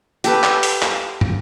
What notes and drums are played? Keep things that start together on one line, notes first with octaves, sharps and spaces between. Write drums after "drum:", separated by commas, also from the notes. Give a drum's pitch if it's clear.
G4 A4 B4, drum: hi-hat
drum: clap
drum: open hi-hat
drum: clap
drum: tom